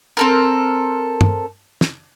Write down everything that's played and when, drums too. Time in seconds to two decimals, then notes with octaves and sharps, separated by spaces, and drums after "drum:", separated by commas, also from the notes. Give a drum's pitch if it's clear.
0.17 C4 A4 A#4
1.21 drum: tom
1.81 drum: snare